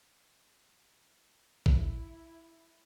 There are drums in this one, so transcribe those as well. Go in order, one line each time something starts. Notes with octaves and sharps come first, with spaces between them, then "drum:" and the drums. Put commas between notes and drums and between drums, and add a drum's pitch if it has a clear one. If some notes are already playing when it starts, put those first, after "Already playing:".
E4, drum: kick